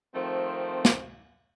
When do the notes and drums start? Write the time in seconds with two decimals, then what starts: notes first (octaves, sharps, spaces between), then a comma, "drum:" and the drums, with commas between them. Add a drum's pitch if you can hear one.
0.15 D#3 F3 A3 C4
0.85 drum: snare